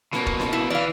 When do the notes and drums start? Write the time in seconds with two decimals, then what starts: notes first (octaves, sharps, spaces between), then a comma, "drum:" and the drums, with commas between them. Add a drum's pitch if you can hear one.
0.13 B2 A#3, drum: snare C#4
0.26 drum: kick
0.40 drum: snare C#4
0.53 E4
0.70 E3 D5 F5